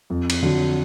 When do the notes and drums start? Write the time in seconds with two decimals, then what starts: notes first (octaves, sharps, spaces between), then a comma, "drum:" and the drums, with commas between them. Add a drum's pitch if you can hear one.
0.10 F2
0.30 drum: cymbal
0.43 D3 F#3